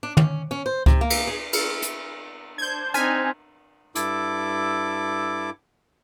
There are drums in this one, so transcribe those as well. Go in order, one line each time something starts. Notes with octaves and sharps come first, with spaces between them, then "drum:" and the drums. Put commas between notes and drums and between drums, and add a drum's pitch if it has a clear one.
D4
C#4, drum: tom
C#4
C5
C3, drum: kick C#2
A#3
drum: cymbal
G#4
drum: cymbal
drum: hi-hat
D4 C5 G6 G#6
C4 D#4 G#5 F6 G#6 B6, drum: hi-hat
G2 E4 A4 D6, drum: hi-hat